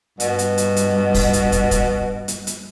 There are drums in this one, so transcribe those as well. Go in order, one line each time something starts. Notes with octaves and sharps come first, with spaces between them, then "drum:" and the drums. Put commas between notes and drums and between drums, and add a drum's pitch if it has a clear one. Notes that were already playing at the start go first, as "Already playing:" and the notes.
G2 B2, drum: hi-hat
drum: hi-hat
drum: hi-hat
drum: hi-hat
drum: kick, open hi-hat
drum: hi-hat
drum: kick, hi-hat
drum: kick, hi-hat
drum: hi-hat
drum: hi-hat